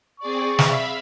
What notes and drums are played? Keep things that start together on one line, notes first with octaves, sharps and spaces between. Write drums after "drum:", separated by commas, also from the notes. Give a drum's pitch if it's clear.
C4 G#4 D5 C#6
E5 F5 B5, drum: snare